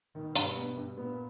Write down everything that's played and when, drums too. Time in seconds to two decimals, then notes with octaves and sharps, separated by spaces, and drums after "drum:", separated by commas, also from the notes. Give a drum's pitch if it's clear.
0.15 B2 D#3
0.36 G2, drum: hi-hat
0.56 B3
0.77 G2
0.98 A#2 B3